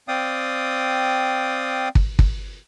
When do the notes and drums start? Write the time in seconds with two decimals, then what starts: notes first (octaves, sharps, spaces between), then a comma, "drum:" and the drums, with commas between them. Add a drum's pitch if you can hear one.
0.08 C4 D5 F5 G5 D#6
1.95 drum: kick
2.19 drum: kick